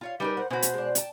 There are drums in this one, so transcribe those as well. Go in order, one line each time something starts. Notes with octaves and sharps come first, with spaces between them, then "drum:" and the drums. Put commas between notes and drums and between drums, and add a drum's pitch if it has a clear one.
F4 C#5 F5
G3 C#4 D#4 G4 A#4 B4
C5 F#5
B2 C#4 F#4 B4 C5
drum: hi-hat
G#3 D4
G5 A5, drum: hi-hat